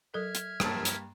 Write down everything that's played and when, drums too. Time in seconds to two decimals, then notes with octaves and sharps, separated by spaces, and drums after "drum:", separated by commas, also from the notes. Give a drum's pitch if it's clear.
0.14 F#3 A4 A#4 E5 F6 G#6
0.35 drum: hi-hat
0.60 G2 A#3 A5, drum: rim click
0.85 drum: hi-hat